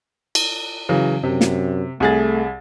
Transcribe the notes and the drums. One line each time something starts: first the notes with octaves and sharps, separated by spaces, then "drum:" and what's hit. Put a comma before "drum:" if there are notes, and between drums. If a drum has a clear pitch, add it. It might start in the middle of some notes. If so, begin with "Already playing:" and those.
drum: cymbal
C#3 E3 F#3
F#2 C3
drum: snare
C2 A3 G#4 A6